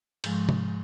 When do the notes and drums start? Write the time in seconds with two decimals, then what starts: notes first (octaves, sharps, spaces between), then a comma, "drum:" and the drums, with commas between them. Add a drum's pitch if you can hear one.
0.24 G#2 F3 G#3, drum: cymbal
0.49 drum: tom C3